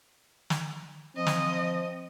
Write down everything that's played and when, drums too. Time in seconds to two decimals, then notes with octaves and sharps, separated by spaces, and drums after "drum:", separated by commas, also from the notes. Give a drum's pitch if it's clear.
0.50 drum: snare
1.16 F3 C4 D#5
1.27 drum: snare